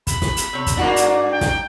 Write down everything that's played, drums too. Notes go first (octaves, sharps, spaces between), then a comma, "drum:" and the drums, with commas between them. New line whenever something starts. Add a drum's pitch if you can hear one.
B5, drum: kick, hi-hat
drum: snare
drum: hi-hat
C3 C#5
drum: kick, hi-hat
G2 A#3 D4 F#4
drum: hi-hat
G5
drum: snare